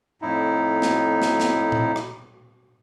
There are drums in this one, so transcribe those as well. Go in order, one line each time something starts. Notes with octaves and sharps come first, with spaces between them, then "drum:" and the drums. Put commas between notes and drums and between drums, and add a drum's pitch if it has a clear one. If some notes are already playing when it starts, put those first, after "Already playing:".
F2 A2 D#4 E4
drum: snare
drum: snare
drum: snare
drum: tom A#2
drum: rim click